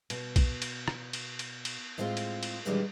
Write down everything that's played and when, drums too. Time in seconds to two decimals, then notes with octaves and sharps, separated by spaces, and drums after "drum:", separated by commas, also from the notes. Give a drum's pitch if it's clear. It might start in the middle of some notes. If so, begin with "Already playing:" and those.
0.10 B2, drum: cymbal
0.36 drum: kick, cymbal
0.62 drum: cymbal
0.88 drum: rim click
1.13 drum: cymbal
1.39 drum: cymbal
1.65 drum: cymbal
1.98 A2 G#3 C4 F4 A4 C5
2.17 drum: cymbal
2.43 drum: cymbal
2.65 A#2 D#3 E3 G3 G#3 D4